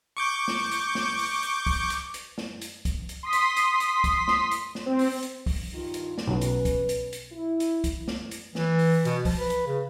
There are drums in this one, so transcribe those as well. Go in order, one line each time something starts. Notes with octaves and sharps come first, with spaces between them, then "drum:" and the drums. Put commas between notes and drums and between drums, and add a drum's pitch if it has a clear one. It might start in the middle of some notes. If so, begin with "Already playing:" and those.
C#6 D6 G6
drum: snare
drum: hi-hat
drum: snare
drum: open hi-hat
drum: hi-hat
drum: kick, open hi-hat
drum: hi-hat
drum: hi-hat
drum: snare
drum: hi-hat
drum: kick, hi-hat
drum: hi-hat
C6 D#6 B6
drum: hi-hat
drum: hi-hat
drum: hi-hat
drum: kick, hi-hat
drum: snare
drum: hi-hat
drum: snare
C4
drum: open hi-hat
drum: hi-hat
drum: kick, open hi-hat
G2 D#3 F4
drum: hi-hat
drum: snare
B1 F#3 C#4 B4
drum: hi-hat
drum: kick, hi-hat
drum: hi-hat
drum: hi-hat
E4
drum: hi-hat
drum: kick, hi-hat
drum: snare
drum: hi-hat
E3, drum: snare
drum: open hi-hat
B2, drum: hi-hat
F3, drum: kick, open hi-hat
B4
drum: hi-hat
C#3